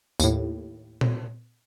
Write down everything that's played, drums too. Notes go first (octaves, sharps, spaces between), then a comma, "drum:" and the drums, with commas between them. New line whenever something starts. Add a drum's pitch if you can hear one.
D#2 A2, drum: tambourine
drum: tom